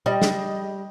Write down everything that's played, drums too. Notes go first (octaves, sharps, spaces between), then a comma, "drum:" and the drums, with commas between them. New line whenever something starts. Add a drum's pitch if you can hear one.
G3 D#5
drum: snare